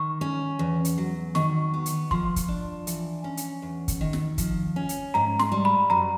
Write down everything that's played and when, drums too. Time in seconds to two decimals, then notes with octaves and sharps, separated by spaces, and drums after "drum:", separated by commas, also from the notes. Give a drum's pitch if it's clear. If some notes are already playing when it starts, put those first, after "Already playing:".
Already playing: D#3 C#6
0.21 C#4
0.59 E2
0.85 drum: hi-hat
0.98 F#3
1.35 D#3 C#6, drum: snare
1.74 B3
1.86 drum: hi-hat
2.11 F3 C6, drum: kick
2.36 drum: kick, hi-hat
2.48 D4
2.87 E3, drum: hi-hat
3.24 C#4
3.37 drum: hi-hat
3.62 E2
3.88 drum: kick, hi-hat
4.01 D#3
4.13 drum: snare
4.38 F3, drum: kick, hi-hat
4.76 C#4
4.89 drum: hi-hat
5.14 G#2 A#5
5.39 C6, drum: snare
5.52 G3
5.65 B5
5.90 F#2 A#5